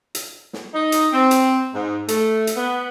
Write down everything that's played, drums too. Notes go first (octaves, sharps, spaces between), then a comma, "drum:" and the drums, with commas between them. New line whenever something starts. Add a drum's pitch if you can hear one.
drum: hi-hat
drum: snare
D#4
drum: hi-hat
C4
drum: hi-hat
G#2
A3, drum: hi-hat
drum: hi-hat
B3